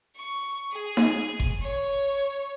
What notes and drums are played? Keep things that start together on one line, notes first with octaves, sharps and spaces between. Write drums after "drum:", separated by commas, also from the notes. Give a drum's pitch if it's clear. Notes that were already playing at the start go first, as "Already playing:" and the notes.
C#6
G#4
drum: snare D#4
drum: kick G1
C#5